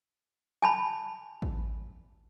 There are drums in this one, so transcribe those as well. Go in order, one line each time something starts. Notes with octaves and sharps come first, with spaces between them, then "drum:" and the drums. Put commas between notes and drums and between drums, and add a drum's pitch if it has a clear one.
G#5 A5 B5
drum: kick